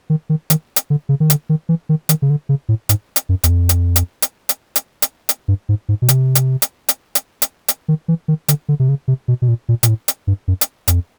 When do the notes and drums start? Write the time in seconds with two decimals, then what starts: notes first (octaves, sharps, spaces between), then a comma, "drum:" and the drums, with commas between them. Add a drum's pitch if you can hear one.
0.10 D#3
0.30 D#3
0.50 D#3, drum: hi-hat
0.76 drum: hi-hat
0.90 D3
1.09 C#3
1.20 D#3
1.30 D3, drum: hi-hat
1.49 D#3
1.69 E3
1.89 D#3
2.09 D#3, drum: hi-hat
2.22 C#3
2.30 D3
2.49 C#3
2.69 A2
2.89 G#2, drum: hi-hat
3.16 drum: hi-hat
3.29 F#2
3.44 E2, drum: hi-hat
3.49 F2
3.69 drum: hi-hat
3.96 drum: hi-hat
4.22 drum: hi-hat
4.49 drum: hi-hat
4.76 drum: hi-hat
5.02 drum: hi-hat
5.29 drum: hi-hat
5.48 G2
5.69 G#2
5.89 G#2
6.02 B2
6.09 C3, drum: hi-hat
6.35 drum: hi-hat
6.62 drum: hi-hat
6.89 drum: hi-hat
7.15 drum: hi-hat
7.42 drum: hi-hat
7.68 drum: hi-hat
7.88 D#3
8.08 E3
8.28 D#3
8.48 D3, drum: hi-hat
8.69 D3
8.80 C3
8.89 C#3
9.08 C3
9.28 B2
9.42 B2
9.48 A#2
9.69 A#2
9.83 A#2, drum: hi-hat
9.88 A2
10.08 drum: hi-hat
10.27 G2
10.48 F#2
10.61 drum: hi-hat
10.88 F2, drum: hi-hat